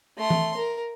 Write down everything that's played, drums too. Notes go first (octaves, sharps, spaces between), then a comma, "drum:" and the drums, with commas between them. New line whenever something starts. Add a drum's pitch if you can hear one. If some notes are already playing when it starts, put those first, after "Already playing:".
A3 C6
drum: tom E3
A#4